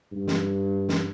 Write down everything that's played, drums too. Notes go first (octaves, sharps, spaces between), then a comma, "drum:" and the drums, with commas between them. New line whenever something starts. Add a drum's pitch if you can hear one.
G2
drum: snare
drum: snare